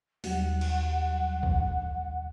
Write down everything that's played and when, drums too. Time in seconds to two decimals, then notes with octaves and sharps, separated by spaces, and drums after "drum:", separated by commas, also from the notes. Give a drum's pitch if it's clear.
0.24 D#2 F#3 G3 F#5, drum: open hi-hat
0.61 drum: cymbal
1.43 drum: kick